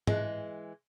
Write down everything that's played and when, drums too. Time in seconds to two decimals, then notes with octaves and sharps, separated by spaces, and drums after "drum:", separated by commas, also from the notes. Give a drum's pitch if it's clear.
0.07 E3 G#3, drum: tom